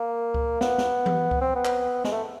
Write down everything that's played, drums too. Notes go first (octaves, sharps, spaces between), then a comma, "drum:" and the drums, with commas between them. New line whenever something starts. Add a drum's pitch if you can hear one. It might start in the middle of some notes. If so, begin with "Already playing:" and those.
Already playing: A#3
drum: kick C#2
B3, drum: snare
drum: snare
drum: tom E3
drum: kick C#2
C4
B3
drum: clap
G#3, drum: snare
A3